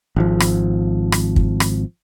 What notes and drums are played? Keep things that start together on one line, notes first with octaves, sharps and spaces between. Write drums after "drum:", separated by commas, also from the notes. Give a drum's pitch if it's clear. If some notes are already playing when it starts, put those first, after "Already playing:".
G#1 F3
drum: rim click
drum: rim click
drum: kick
drum: rim click